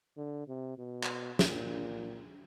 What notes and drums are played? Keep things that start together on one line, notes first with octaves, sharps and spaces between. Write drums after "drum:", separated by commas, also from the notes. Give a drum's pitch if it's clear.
D3
C3
B2
drum: clap
A#2, drum: snare